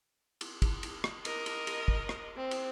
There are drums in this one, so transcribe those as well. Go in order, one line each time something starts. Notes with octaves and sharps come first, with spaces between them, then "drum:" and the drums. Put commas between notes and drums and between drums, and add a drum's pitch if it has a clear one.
drum: cymbal
drum: kick, cymbal
drum: cymbal
drum: rim click
A#4 D#5, drum: cymbal
drum: cymbal
drum: cymbal
drum: kick
drum: rim click
C4
drum: cymbal